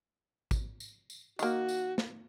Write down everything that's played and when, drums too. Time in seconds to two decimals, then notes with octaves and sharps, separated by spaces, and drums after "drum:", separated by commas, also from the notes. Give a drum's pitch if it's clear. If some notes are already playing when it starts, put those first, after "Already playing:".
0.51 drum: kick, tambourine
0.80 drum: tambourine
1.10 drum: tambourine
1.39 D#3 A#3 F#4, drum: tambourine
1.69 drum: tambourine
1.98 drum: snare